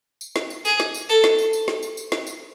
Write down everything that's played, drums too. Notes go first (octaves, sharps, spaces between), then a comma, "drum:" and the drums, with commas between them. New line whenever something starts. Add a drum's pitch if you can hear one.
drum: tambourine
drum: snare
drum: tambourine
G#4, drum: tambourine
drum: snare
drum: tambourine
A4, drum: tambourine
drum: snare
drum: tambourine
drum: tambourine
drum: snare
drum: tambourine
drum: tambourine
drum: snare
drum: tambourine